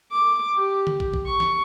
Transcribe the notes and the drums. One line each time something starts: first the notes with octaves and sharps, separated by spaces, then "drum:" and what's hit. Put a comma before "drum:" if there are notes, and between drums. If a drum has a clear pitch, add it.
D6
G4
drum: tom D3
drum: kick
drum: kick
C#6
drum: snare